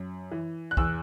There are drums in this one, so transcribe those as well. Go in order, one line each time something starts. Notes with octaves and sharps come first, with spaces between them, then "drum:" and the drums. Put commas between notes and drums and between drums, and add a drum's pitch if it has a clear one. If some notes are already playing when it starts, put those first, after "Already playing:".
Already playing: F#2
E3
F#6
E2 E6, drum: kick